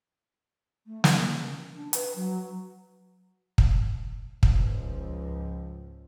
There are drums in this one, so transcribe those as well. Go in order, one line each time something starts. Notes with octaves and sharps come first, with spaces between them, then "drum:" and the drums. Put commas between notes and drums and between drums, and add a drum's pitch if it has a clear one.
A3
C#4, drum: snare
D4
B4, drum: hi-hat
F#3
drum: kick
C#2 G#2 F3, drum: kick